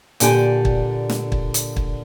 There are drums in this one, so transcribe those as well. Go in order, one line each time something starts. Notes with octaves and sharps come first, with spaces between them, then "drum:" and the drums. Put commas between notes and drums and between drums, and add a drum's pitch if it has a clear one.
A#2 D3 G4 G#5, drum: hi-hat
drum: kick
drum: snare
drum: kick
drum: hi-hat
drum: kick